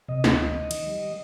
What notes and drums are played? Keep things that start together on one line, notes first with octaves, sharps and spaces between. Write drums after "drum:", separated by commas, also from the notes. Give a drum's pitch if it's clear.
C3 D#5
D2, drum: snare
D#3
D#3
D#3, drum: cymbal
G3